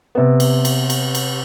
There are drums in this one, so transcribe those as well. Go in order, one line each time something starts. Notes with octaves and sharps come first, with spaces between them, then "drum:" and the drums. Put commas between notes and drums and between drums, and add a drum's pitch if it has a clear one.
C3 B3
drum: cymbal
drum: cymbal
drum: cymbal
drum: cymbal